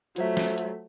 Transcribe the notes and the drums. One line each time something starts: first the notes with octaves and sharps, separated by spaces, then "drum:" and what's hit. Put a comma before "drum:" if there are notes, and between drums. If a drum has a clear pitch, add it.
F#3 A3 F4 C5 E5, drum: hi-hat
drum: snare
drum: hi-hat